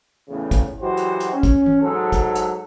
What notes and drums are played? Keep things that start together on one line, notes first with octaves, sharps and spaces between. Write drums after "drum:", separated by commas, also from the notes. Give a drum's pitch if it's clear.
E2 A2 C#3
drum: kick, hi-hat
E3 F#3 G#3 F#4 G4 C5
drum: hi-hat
drum: hi-hat
C#4
drum: kick, hi-hat
drum: tom E3
G#2 F#3 A4
drum: kick, hi-hat
drum: hi-hat